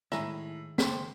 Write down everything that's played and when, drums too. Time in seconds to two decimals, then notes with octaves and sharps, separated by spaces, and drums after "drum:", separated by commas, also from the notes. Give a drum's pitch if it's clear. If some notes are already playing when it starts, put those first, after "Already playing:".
0.12 A2 D#3 G#3 E5 G#5 A#5 B5, drum: rim click
0.78 C5 G5 C6 B6, drum: snare